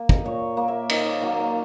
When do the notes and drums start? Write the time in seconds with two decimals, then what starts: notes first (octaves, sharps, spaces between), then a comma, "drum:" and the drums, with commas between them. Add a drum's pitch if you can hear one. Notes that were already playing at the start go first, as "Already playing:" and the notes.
Already playing: A#3
0.09 D#5, drum: kick
0.25 A#2 C#5
0.57 A#3
0.68 E5
0.90 D#3 D#5, drum: cymbal
1.06 C#5
1.22 F#3 A#3 D#5
1.39 C#5